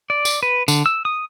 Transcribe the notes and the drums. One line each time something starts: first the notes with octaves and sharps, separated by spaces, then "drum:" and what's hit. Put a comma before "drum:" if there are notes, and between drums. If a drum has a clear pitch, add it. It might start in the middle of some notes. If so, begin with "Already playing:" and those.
D5
drum: tambourine
B4
D3, drum: tambourine
E6
D#6